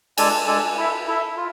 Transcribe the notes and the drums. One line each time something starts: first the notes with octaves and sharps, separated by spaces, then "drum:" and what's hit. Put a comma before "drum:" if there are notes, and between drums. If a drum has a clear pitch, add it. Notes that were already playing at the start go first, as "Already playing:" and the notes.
G#3 D4 A4 D5 G#5, drum: cymbal
G#3 D4 A4 D5 G#5
E4 A4 E5
E4 A4 E5
F4